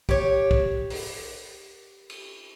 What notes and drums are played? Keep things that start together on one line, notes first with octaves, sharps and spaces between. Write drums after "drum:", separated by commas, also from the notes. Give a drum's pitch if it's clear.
G4 C#5, drum: kick
drum: kick
drum: open hi-hat
drum: cymbal